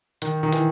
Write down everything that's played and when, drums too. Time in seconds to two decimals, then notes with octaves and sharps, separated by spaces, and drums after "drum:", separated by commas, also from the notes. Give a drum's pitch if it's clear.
0.22 D#3, drum: hi-hat
0.43 D#3
0.53 E3, drum: hi-hat